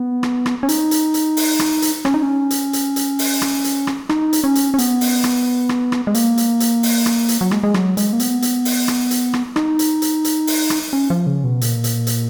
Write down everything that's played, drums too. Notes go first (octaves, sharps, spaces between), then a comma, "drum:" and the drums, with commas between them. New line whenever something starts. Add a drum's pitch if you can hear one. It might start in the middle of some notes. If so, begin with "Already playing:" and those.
Already playing: B3
drum: rim click
drum: rim click
C#4
D#4, drum: hi-hat
drum: hi-hat
drum: hi-hat
drum: open hi-hat
drum: rim click
drum: hi-hat
C#4, drum: rim click
D#4
C#4
drum: hi-hat
drum: hi-hat
drum: hi-hat
drum: open hi-hat
drum: rim click
drum: hi-hat
drum: rim click
D#4, drum: rim click
drum: hi-hat
C#4
drum: hi-hat
C#4
B3, drum: hi-hat
drum: open hi-hat
drum: rim click
drum: rim click
drum: rim click
G#3
A#3, drum: hi-hat
drum: hi-hat
drum: hi-hat
drum: open hi-hat
drum: rim click
drum: hi-hat
F#3
G#3, drum: rim click
G#3
F#3, drum: rim click
G#3, drum: hi-hat
A#3
B3, drum: hi-hat
drum: hi-hat
drum: open hi-hat
drum: rim click
drum: hi-hat
drum: rim click
D#4, drum: rim click
drum: hi-hat
drum: hi-hat
drum: hi-hat
drum: open hi-hat
drum: rim click
C#4
F3
C#3
B2
A#2, drum: hi-hat
drum: hi-hat
drum: hi-hat